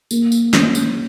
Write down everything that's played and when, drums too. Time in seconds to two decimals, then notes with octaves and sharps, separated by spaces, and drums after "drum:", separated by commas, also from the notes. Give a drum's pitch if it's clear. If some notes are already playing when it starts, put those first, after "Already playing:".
0.11 A#3, drum: tambourine
0.32 drum: tambourine
0.54 C#4, drum: snare
0.75 drum: tambourine